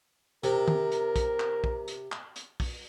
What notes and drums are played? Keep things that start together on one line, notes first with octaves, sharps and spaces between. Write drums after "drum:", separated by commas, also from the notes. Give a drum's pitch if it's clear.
C3 A#4, drum: hi-hat
drum: tom D#3
drum: hi-hat
drum: kick, hi-hat
drum: clap
drum: kick
drum: hi-hat
drum: clap
drum: hi-hat
drum: kick, open hi-hat